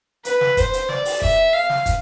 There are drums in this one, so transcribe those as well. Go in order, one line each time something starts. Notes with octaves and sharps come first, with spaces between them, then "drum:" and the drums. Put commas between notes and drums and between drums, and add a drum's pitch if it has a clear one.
B4, drum: hi-hat
drum: snare
C5, drum: kick, hi-hat
drum: hi-hat
D5, drum: snare
drum: open hi-hat
E5, drum: kick
F5
drum: snare
drum: kick, hi-hat